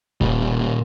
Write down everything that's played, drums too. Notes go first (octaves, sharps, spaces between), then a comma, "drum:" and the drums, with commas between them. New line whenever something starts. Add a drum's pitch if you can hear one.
A#2 G3, drum: kick D#1